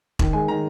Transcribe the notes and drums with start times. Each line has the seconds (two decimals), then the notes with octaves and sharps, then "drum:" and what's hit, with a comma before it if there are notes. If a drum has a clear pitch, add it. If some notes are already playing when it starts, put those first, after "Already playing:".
0.19 D#3, drum: kick E1
0.33 G#3 G#5
0.48 D#3 A#5